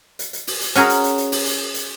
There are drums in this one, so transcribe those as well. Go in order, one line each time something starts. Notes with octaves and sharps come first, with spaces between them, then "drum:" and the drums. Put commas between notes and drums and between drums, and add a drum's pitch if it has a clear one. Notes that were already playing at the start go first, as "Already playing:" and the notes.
drum: hi-hat
drum: hi-hat
drum: open hi-hat
drum: hi-hat
C#4 F#4 G#4 A#4, drum: hi-hat
drum: hi-hat
drum: hi-hat
drum: hi-hat
drum: open hi-hat
drum: hi-hat
drum: hi-hat